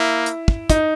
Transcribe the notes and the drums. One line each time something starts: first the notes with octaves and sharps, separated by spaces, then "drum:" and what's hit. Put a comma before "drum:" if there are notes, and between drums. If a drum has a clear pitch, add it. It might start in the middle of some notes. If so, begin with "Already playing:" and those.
Already playing: A#3 E4
drum: hi-hat
drum: kick
D#4, drum: kick, hi-hat